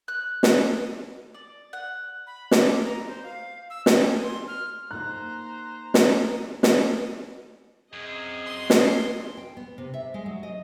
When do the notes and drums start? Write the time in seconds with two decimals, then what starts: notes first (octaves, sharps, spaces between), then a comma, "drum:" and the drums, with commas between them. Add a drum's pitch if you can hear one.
0.08 F#6
0.43 drum: snare
1.34 D5
1.73 F#5
2.27 B5
2.51 D6, drum: snare
2.84 A#5
3.08 C5
3.23 F5
3.70 E6
3.86 G5, drum: snare
4.06 G#5
4.23 C6
4.48 F6
4.91 A#3 D#4 C5 A#5 F#6
5.94 drum: snare
6.63 drum: snare
7.93 F#2 C4 G#4 D#5
8.46 C6
8.70 drum: snare
9.37 G5
9.57 B3
9.78 C3
9.94 E5
10.14 G#3
10.26 F#3
10.43 D#5